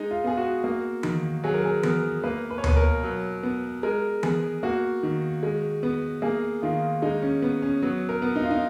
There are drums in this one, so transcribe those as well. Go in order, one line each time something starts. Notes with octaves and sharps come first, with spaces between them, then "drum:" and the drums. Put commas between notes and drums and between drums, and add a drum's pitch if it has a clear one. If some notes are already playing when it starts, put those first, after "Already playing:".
Already playing: G#3 D#4
F4
B3 G#4
F#4
A#3
D#3, drum: tom E3
F#3 G#4
A#4
G#4
B3 A#4, drum: tom E3
A#3 B4
B4
C#5
B2 B4, drum: tom D2
A#4
F#3
B3
G#3 A#4
B3 G#4, drum: tom E3
A#3 F#4
D#3
G#3
B3
A#3 G#4
D#3 F4
G#3 D#4
C#4
B3
C#4
F#3 B3
A#4
B3
D#4
F4
D#4